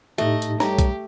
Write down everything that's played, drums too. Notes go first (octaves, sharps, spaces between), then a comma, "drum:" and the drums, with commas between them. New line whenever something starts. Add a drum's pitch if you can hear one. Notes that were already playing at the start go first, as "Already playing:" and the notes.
A2 A3 D#4 G4 D#5
drum: hi-hat
G2 G4 A4 C#5 A#5, drum: snare D#4
drum: kick B1, hi-hat